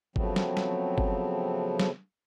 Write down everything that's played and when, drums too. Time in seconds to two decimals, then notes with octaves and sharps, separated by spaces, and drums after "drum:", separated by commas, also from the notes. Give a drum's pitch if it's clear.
0.16 C#3 F3 F#3 A3 B3 C4, drum: kick
0.36 drum: snare
0.57 drum: snare
0.98 drum: kick
1.80 drum: snare